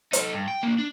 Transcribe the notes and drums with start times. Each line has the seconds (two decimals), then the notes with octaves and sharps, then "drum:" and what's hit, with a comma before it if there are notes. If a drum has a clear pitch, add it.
0.13 D#4 A4, drum: hi-hat
0.34 G2
0.48 G5
0.63 A#3 D4
0.78 D4